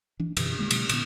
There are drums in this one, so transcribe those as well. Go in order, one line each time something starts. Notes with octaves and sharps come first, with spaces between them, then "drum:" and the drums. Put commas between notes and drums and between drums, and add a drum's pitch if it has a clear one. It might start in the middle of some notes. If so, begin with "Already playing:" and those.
E3 D4
F#2 B2 D3 E3, drum: cymbal
D3 G#3 A#3
B2 F#3 G#3 A#3, drum: cymbal
A#2 D3 B3, drum: cymbal